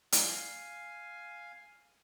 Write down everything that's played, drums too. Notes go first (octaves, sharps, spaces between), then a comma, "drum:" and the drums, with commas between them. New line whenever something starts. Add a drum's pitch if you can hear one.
F5 G#5, drum: hi-hat